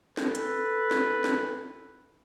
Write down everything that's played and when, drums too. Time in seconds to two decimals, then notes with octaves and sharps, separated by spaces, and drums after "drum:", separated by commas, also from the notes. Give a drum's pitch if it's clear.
0.17 A4 B4, drum: snare
0.35 drum: hi-hat
0.91 drum: snare
1.24 drum: snare